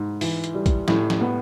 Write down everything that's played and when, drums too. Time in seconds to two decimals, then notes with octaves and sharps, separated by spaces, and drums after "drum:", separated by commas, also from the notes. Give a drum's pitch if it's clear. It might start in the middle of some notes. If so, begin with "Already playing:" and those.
Already playing: G#2
0.21 E3, drum: open hi-hat
0.44 drum: hi-hat
0.55 G3
0.66 drum: kick A#1, hi-hat
0.88 A2, drum: snare
1.10 drum: snare
1.21 B3